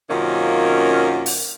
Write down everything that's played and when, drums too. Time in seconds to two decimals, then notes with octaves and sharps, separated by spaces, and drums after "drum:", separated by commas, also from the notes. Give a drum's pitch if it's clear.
0.10 F#2 C3 D#3 A#3 C#4 F4
1.26 drum: open hi-hat